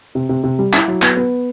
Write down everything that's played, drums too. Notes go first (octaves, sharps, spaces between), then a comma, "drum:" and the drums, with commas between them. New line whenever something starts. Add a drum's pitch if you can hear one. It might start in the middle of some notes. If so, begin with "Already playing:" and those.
C3
C3
C3
G3
E4, drum: clap
F#3
B3, drum: clap
B3